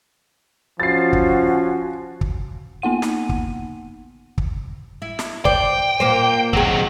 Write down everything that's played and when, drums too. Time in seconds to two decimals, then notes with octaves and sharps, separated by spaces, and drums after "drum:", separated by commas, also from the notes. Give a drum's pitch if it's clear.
0.80 F3 C#4 F#4 A6 C7
1.13 drum: kick
2.21 drum: kick
2.82 A#3 B3 D#4 F#5 D#7
3.02 drum: snare
3.29 drum: kick
4.38 drum: kick
5.02 E4
5.19 drum: snare
5.45 C5 D5 G5, drum: kick
6.00 A#2 A#3 C5
6.53 D#3 F#3 C4 G#4, drum: kick